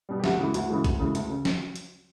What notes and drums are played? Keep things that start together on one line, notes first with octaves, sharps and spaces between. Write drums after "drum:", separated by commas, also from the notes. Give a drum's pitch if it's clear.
B2 G3
G4
D2 F#4, drum: snare
C#3 E3 G#3
D2 F#4, drum: hi-hat
C#3 E3 G#3
D2, drum: kick A#1, hi-hat
C#3 E3 G#3
D2, drum: hi-hat
C#3
drum: snare
drum: hi-hat